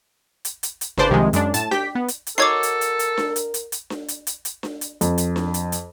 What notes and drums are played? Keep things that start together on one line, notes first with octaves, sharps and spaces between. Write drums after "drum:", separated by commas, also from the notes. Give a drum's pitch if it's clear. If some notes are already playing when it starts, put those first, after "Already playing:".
drum: hi-hat
drum: hi-hat
drum: hi-hat
G1 C#3 B4 C5 D5 A5, drum: snare D4
C2 C3 D#3 F3 G#3
F#2 G#3 D4, drum: hi-hat
A2 A5 E7, drum: hi-hat
G4 G5 B6, drum: snare D4
B3
drum: hi-hat
drum: hi-hat
D#4 F#4 A4 A#4 C#5 D6 G#6 C7
drum: hi-hat
drum: hi-hat
drum: hi-hat
drum: snare D4
drum: hi-hat
drum: hi-hat
drum: hi-hat
drum: snare D4
drum: hi-hat
drum: hi-hat
drum: hi-hat
drum: snare D4
drum: hi-hat
F2, drum: hi-hat
drum: hi-hat
drum: snare D4
drum: hi-hat
drum: hi-hat